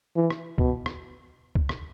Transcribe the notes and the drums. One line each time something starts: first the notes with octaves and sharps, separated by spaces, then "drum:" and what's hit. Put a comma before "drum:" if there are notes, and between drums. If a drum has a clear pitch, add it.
E3
drum: rim click
B2, drum: kick
drum: rim click
drum: kick
drum: rim click